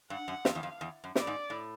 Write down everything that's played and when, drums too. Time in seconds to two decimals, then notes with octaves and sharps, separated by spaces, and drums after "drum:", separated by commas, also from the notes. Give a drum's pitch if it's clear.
0.10 G2 F#5
0.28 F#2
0.45 F2 F5, drum: snare
0.55 E2
0.63 F2
0.81 E2
1.04 F#2
1.15 A2 D5, drum: snare
1.27 G#2
1.50 A2